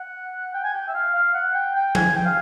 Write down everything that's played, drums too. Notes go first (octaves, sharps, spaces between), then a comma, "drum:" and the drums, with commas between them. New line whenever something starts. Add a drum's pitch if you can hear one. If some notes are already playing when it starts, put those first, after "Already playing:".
Already playing: F#5
G5
G#5
G5
E5
F5
F5
F#5
G5
G5
G#5, drum: tom F3
G5
F5